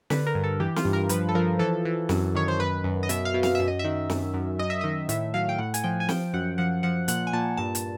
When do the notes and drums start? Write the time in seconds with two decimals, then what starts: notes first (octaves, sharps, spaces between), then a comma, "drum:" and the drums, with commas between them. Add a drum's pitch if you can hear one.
0.10 D3 B4, drum: snare
0.27 A#4
0.35 G2
0.44 A4
0.60 E3 G4
0.76 F4, drum: snare
0.85 G2
0.93 A#4
1.09 F3 B4, drum: hi-hat
1.29 A4
1.35 F3 A#4
1.59 E3 A4
1.85 E3
2.09 F#2, drum: snare
2.35 D#3 C#5
2.48 C5
2.60 F#2 B4
2.84 F#2
3.03 D#5
3.09 B2 E5, drum: hi-hat
3.25 F5
3.34 B2
3.43 F5, drum: snare
3.55 F#2 E5
3.68 D#5
3.79 D#3 E5
4.10 F#2, drum: snare
4.34 F#2
4.59 F#2 D#5
4.70 E5
4.81 D#3 D#5
5.09 A2 E5, drum: hi-hat
5.34 F#3 F5
5.49 G5
5.58 A2 F#5
5.74 G#5, drum: hi-hat
5.84 F3 G5
6.00 G#5
6.09 F3 G5, drum: snare
6.34 F#2 F#5
6.58 F3 F#5
6.83 F3 F#5
7.08 A#2 F#5, drum: hi-hat
7.27 G#5
7.33 A#2 A5
7.57 G2 A5
7.75 drum: hi-hat